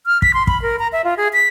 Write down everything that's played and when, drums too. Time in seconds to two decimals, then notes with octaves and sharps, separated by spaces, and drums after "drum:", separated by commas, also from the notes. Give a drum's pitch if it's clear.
0.06 F6
0.22 B6, drum: kick
0.34 C6
0.47 B5, drum: kick
0.62 A#4
0.79 A#5
0.92 E5
1.05 F4
1.17 G#4
1.33 B6